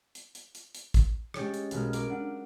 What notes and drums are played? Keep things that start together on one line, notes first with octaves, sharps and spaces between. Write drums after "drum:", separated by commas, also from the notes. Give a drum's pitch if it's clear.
drum: hi-hat
drum: hi-hat
drum: hi-hat
drum: hi-hat
drum: kick, hi-hat
G#3 C#4 G4 G#4 C#5 A6, drum: rim click
drum: hi-hat
B1 G#3 A#3 F6, drum: hi-hat
A#4 D6 F6, drum: hi-hat
D4 F#5